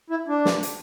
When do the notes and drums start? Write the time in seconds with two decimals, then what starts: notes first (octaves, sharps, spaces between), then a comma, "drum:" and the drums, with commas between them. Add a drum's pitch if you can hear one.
0.10 E4
0.28 D4
0.45 drum: snare
0.63 drum: hi-hat